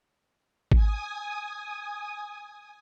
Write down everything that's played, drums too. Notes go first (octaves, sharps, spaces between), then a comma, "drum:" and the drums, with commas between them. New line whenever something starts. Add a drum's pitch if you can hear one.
G#5 D#6, drum: kick G#1